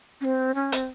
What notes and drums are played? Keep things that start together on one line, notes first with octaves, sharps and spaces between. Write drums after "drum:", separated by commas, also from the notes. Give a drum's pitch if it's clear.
C#4
C4
C#4
C4, drum: hi-hat